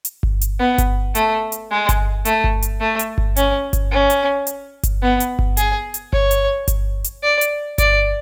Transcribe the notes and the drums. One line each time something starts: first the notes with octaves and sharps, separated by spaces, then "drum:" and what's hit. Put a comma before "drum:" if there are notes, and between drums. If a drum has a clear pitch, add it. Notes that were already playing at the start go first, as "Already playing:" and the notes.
drum: hi-hat
drum: kick G1
drum: hi-hat
B3
drum: kick G1, hi-hat
A3, drum: hi-hat
drum: hi-hat
G#3
drum: kick G1, hi-hat
A3, drum: hi-hat
drum: kick G1
drum: hi-hat
A3
drum: hi-hat
drum: kick G1
C#4, drum: hi-hat
drum: kick G1, hi-hat
C#4
drum: hi-hat
drum: hi-hat
drum: kick G1, hi-hat
B3
drum: hi-hat
drum: kick G1
G#4, drum: hi-hat
drum: hi-hat
C#5, drum: kick G1
drum: hi-hat
drum: kick G1, hi-hat
drum: hi-hat
D5
drum: hi-hat
D5, drum: kick G1, hi-hat